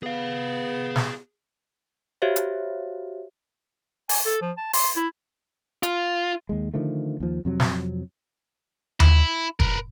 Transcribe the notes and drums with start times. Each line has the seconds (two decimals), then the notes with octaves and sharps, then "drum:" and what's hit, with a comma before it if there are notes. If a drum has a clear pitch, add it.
0.03 B3 G#4 F5
0.96 drum: snare
2.22 F#4 G4 C5 C#5 E5 F5
2.36 drum: hi-hat
4.09 G#5, drum: open hi-hat
4.26 A4
4.41 F3
4.58 A5
4.73 C6, drum: open hi-hat
4.97 E4
5.83 F4, drum: hi-hat
6.49 D#2 G#3
6.74 D3 D#3 F3 A3
7.20 D#2 F3
7.45 F2 C3 F#3
7.60 drum: snare
9.00 E4, drum: tom D#2
9.60 A#4 B4, drum: kick